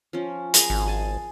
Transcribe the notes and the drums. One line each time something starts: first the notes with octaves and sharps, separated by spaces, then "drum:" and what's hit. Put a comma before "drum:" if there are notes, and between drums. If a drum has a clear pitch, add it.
F3 C#4
G#4 A#5 B5, drum: hi-hat
G#1
G#4 G#5 A5